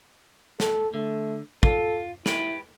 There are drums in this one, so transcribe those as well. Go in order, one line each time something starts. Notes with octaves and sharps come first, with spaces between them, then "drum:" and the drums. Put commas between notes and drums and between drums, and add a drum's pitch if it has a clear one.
A4, drum: snare
D3 A3
F4 A4, drum: kick
E4 G4 B4, drum: snare